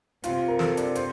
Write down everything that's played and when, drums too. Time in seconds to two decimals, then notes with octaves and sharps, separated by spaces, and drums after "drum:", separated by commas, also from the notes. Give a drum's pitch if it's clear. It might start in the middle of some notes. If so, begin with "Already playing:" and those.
0.24 C3 F4, drum: hi-hat
0.48 A#4
0.59 A4, drum: snare
0.77 D4, drum: hi-hat
0.95 C5, drum: hi-hat